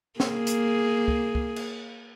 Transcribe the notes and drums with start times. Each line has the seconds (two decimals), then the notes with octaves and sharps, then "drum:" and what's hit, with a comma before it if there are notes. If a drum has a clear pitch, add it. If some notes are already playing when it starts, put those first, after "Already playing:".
0.20 A#3 G#4, drum: snare
0.47 drum: hi-hat
1.08 drum: kick
1.35 drum: kick
1.56 drum: cymbal